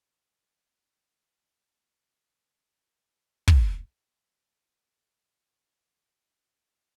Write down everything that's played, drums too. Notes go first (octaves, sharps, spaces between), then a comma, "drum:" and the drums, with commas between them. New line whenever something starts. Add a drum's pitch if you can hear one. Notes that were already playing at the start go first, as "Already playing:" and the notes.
Already playing: C5
G3
G#3
A3
A#3
C4 C5
C5
C#4 A#4
A#4
C5
D4 B4
drum: kick
C#4 C#5
C5
D4 A#4
A4
E4
F4
A4
F#4 G#4